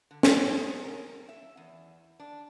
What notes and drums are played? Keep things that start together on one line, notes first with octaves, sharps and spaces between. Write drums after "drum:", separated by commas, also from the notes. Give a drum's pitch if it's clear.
D3
B3, drum: snare
G#4
A#4
E5
E2
D4